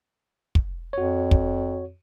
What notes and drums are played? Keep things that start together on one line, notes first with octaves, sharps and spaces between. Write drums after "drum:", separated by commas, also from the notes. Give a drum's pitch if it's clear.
drum: kick
F2 F#4 C#5
drum: kick